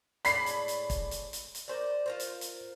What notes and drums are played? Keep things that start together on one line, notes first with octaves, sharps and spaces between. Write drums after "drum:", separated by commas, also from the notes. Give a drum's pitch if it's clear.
A2 G#3 D5 B5 B6 C7, drum: hi-hat
drum: hi-hat
drum: hi-hat
drum: kick, hi-hat
drum: hi-hat
drum: hi-hat
drum: hi-hat
A#4 C5 D5
F4 A#4 C5
drum: hi-hat
drum: hi-hat